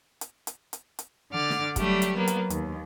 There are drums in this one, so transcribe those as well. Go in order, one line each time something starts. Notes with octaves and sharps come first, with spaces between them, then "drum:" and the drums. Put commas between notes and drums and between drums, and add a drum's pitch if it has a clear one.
drum: hi-hat
drum: hi-hat
drum: hi-hat
drum: hi-hat
D3 F#5 D6 F6 A6
drum: snare
F#3 G3 A3 G4, drum: kick, hi-hat
drum: hi-hat
F#3 A#3 B3
drum: hi-hat
D#2, drum: hi-hat